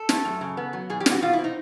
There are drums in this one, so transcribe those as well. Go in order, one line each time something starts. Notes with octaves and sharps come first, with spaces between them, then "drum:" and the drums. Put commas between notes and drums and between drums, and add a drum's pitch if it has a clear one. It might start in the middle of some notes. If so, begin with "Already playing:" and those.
Already playing: A4
A3, drum: snare
F#2
C#3
B3
F#3
B2 G#4
G4
G3, drum: snare
F#4
B2 F4
E4
C4
D#4